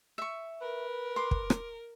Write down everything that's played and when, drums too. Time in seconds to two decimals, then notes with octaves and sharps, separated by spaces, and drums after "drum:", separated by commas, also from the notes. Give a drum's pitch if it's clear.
0.18 E5 C#6
0.62 A#4 B4
1.16 C6 D6
1.31 drum: kick
1.50 drum: rim click